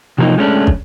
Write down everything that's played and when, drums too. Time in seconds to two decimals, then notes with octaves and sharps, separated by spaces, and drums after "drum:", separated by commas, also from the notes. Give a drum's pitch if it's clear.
0.18 C3 F3 F#3 A#3 D#4
0.38 G#3 A3 C#4 D4
0.67 drum: kick